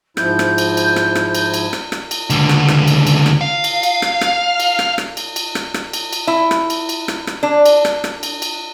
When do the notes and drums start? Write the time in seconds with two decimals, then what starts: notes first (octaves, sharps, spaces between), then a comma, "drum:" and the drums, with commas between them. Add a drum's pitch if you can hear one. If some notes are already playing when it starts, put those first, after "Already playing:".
0.17 G#2 F3 E4 G6, drum: rim click
0.39 drum: rim click
0.58 drum: cymbal
0.77 drum: cymbal
0.96 drum: rim click
1.15 drum: rim click
1.35 drum: cymbal
1.54 drum: cymbal
1.73 drum: rim click
1.92 drum: rim click
2.11 drum: cymbal
2.30 C#2 D3, drum: cymbal
2.49 drum: rim click
2.68 drum: rim click
2.88 drum: cymbal
3.07 drum: cymbal
3.26 drum: rim click
3.41 F5
3.64 drum: cymbal
3.83 drum: cymbal
4.02 drum: rim click
4.21 drum: rim click
4.60 drum: cymbal
4.79 drum: rim click
4.98 drum: rim click
5.17 drum: cymbal
5.36 drum: cymbal
5.55 drum: rim click
5.74 drum: rim click
5.93 drum: cymbal
6.13 drum: cymbal
6.27 E4
6.51 drum: rim click
6.70 drum: cymbal
6.89 drum: cymbal
7.08 drum: rim click
7.27 drum: rim click
7.43 D4
7.66 drum: cymbal
7.85 drum: rim click
8.04 drum: rim click
8.23 drum: cymbal
8.42 drum: cymbal